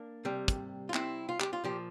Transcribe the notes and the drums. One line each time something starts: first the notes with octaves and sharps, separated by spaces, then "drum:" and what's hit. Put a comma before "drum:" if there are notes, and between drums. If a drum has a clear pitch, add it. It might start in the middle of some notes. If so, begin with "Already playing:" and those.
Already playing: A#3 D4
C3 G3
drum: kick, hi-hat
F4
C4 E4, drum: clap
F4
G4, drum: clap
F4
A#2 F3 G4